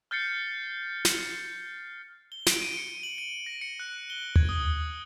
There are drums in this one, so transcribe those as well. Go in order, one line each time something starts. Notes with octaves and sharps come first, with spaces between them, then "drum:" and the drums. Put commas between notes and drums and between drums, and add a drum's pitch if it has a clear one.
F6 G6 A6 C7 C#7
drum: snare
G7
D7, drum: snare
D#7
C#7
F#7
D#7
A#6
C#7
F#6
G7
G#6, drum: tom D#2
D#6